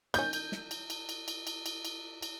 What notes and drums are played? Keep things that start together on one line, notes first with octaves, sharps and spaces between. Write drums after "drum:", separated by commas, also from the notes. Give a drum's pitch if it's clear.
D#3 C#4 G6, drum: cymbal
drum: cymbal
drum: snare
drum: cymbal
drum: cymbal
drum: cymbal
drum: cymbal
drum: cymbal
drum: cymbal
drum: cymbal
drum: cymbal